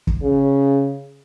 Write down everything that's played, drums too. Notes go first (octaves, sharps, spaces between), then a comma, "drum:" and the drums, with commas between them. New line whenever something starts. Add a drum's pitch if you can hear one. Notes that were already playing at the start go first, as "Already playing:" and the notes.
drum: kick
C#3